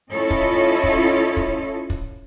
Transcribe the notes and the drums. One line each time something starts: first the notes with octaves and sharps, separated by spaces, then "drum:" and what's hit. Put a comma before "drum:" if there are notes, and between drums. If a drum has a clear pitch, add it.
C#4 E4 F4 A4 C#5 D#5
drum: kick
drum: kick
drum: kick
drum: kick